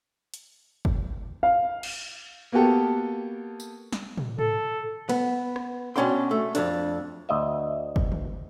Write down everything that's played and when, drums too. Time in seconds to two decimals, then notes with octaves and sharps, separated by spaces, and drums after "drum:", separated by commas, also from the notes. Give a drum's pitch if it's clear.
0.34 drum: hi-hat
0.85 drum: kick G1
1.43 F5
1.83 drum: cymbal
2.52 A#3 B3 F#4 G4 A4
3.60 drum: tambourine
3.92 drum: snare
4.17 drum: tom
4.39 A4, drum: tom G#2
5.09 B3, drum: cymbal
5.56 drum: rim click
5.96 B2 B3 C#4 D4 G5 C6
6.31 A3
6.55 F2 B2 D4, drum: hi-hat
7.29 D2 D#5 E5
7.96 drum: kick G1
8.12 drum: tom C#3